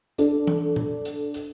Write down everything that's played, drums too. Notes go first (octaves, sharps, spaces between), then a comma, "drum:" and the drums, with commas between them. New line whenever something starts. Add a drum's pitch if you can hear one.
D4 A4, drum: hi-hat
drum: tom E3
drum: tom A#2
drum: hi-hat
drum: hi-hat